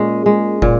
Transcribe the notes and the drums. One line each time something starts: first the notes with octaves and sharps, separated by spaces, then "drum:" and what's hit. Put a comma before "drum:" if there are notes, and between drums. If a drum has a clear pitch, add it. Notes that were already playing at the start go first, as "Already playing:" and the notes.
Already playing: A#2 G#3 C#4
G#3
A#2, drum: kick